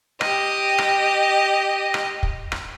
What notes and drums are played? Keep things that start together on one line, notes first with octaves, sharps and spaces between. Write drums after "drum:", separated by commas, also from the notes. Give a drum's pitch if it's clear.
G4 D#5, drum: rim click
drum: rim click
drum: rim click
drum: kick
drum: rim click